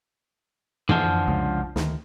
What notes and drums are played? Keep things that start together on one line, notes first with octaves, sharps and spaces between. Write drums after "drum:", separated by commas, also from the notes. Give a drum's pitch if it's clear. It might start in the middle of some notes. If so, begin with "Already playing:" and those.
D3 E3 F3, drum: tom
C2 C#3 G#3
D2 D#3, drum: snare